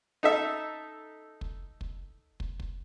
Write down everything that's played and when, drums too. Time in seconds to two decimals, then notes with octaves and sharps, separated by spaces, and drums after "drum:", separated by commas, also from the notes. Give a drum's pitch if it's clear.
0.23 D#4 A4 E5
1.41 drum: kick
1.81 drum: kick
2.40 drum: kick
2.60 drum: kick